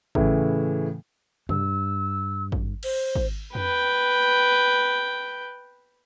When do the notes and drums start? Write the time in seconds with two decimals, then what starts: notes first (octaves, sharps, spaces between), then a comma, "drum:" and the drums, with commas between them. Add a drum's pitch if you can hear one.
0.15 A2 C#3 E3, drum: kick
1.49 G2 E6, drum: tom
2.52 drum: kick
2.83 C5, drum: cymbal
3.15 drum: kick
3.55 B4 G5, drum: tom